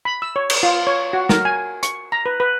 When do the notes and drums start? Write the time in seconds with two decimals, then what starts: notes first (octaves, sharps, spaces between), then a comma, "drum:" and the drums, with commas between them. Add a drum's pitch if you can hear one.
0.05 B5
0.22 E6
0.36 C#5
0.50 drum: cymbal
0.63 F4
0.87 C#5
1.13 F#4
1.29 A#4, drum: snare
1.45 G#5
1.83 C#6, drum: hi-hat
2.12 A#5
2.26 B4
2.40 B4